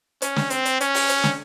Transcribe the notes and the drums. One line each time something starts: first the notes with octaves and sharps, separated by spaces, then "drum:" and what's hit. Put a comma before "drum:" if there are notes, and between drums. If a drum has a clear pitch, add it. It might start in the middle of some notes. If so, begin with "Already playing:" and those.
C#4, drum: hi-hat
drum: snare
C4, drum: hi-hat
drum: hi-hat
C#4, drum: hi-hat
drum: open hi-hat
drum: hi-hat
drum: snare